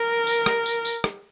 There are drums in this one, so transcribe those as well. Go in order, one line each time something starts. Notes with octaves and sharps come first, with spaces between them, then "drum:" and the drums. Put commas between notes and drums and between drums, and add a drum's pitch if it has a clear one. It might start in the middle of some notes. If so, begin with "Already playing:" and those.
Already playing: A#4
drum: tambourine
drum: rim click
drum: tambourine
drum: tambourine
drum: rim click